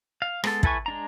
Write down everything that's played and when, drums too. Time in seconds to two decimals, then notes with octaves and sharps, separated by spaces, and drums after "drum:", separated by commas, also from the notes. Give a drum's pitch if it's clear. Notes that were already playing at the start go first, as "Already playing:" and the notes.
0.22 F5
0.44 G#3 B3 A4, drum: rim click
0.63 E4 A4 B4 G#5 C#6, drum: kick
0.86 G#3 D4 A#5